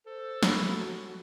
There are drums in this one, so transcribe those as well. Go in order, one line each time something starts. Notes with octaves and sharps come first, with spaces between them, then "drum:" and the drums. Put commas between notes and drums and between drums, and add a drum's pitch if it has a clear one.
A4 C5
B5, drum: snare
F#4